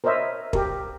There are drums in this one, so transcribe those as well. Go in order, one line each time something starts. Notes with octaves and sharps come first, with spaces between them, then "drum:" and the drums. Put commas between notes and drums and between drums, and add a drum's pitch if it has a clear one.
A#4 C5 C#5 D#5 E5 A#5
G4 A#4, drum: kick